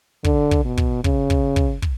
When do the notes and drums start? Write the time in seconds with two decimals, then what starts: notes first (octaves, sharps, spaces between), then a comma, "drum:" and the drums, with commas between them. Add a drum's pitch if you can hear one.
0.25 D3, drum: kick
0.51 drum: kick
0.65 B2
0.78 drum: kick
1.04 C#3, drum: kick
1.30 drum: kick
1.56 drum: kick
1.82 drum: kick